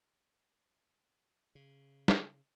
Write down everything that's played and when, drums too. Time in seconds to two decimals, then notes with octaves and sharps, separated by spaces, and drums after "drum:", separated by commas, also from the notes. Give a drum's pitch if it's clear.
1.55 C#3
2.08 drum: snare